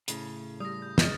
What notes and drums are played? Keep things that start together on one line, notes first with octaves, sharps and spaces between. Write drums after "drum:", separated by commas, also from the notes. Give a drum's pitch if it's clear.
A2 C#3, drum: hi-hat
G3 D#6 A#6
G6
E2 G#3 F6 A6, drum: snare